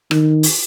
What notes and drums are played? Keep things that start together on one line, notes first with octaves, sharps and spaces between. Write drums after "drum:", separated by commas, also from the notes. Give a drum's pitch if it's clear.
D#3, drum: rim click
drum: open hi-hat